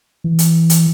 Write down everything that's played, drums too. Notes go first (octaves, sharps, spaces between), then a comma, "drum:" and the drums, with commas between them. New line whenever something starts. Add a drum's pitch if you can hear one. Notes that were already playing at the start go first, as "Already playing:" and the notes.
E3
drum: hi-hat
drum: hi-hat